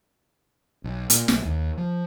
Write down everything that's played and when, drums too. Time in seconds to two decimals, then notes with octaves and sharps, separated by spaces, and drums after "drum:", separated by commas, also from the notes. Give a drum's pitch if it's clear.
0.84 B1
1.10 A#2, drum: hi-hat
1.28 B1, drum: snare
1.45 D#2
1.77 F3